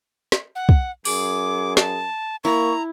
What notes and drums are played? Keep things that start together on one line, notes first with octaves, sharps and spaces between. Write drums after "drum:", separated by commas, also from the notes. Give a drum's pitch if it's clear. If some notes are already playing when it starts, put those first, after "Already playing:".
drum: snare
F#5
drum: kick
F#2 G#4 D6, drum: open hi-hat
A5, drum: snare
A#3 E4 A#5 C#6